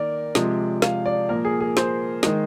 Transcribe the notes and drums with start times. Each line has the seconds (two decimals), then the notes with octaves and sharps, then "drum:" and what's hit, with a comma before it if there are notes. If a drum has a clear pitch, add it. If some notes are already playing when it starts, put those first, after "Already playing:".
Already playing: D#3 A#3 A#4 D5
0.35 C3 F3 G#3, drum: snare
0.82 F5, drum: snare
1.06 D5
1.29 A#2 F3 A#3 A#4
1.45 G#4
1.60 G#4
1.77 C5, drum: snare
2.23 D#3 G#3, drum: snare